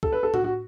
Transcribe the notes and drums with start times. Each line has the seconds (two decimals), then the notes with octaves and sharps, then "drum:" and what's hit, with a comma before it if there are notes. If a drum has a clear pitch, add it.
0.03 A4, drum: kick C2
0.12 B4
0.23 A4
0.34 F#4, drum: tom A2
0.44 F#4